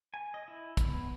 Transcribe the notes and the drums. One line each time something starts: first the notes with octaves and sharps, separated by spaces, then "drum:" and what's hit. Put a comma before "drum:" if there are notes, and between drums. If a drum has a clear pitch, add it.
G#5
D#5
E4
B3, drum: kick, hi-hat